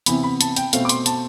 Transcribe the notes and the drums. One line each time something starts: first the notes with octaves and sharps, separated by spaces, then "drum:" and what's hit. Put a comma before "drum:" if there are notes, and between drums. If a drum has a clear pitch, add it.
C3 E3 B3 B5, drum: hi-hat
B5
A5, drum: hi-hat
G5, drum: hi-hat
B2 A3 C4 F5, drum: hi-hat
D6
C6, drum: hi-hat
A5, drum: hi-hat